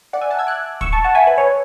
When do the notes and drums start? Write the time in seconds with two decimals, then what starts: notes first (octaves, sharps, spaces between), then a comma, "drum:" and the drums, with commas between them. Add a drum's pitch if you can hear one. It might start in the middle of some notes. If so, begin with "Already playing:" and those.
0.13 D5 F#5
0.21 E5 G#5
0.31 F#5 A5
0.39 E6 G#6
0.47 D6 F#6
0.81 C#6 E6, drum: kick
0.92 A5 C#6
1.04 F#5 A5
1.15 E5 G#5
1.27 B4
1.38 C#5